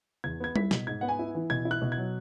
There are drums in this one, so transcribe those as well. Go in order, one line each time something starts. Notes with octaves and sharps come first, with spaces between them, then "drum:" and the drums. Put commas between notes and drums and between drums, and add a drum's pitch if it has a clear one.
E2 G#6
B3 G#6
E4 B6, drum: tom G3
B2, drum: snare
G#2 G#6
B3 F#5
G#5
E4
E3
B2 G#6
E4
F#6
B2
G#6
F#3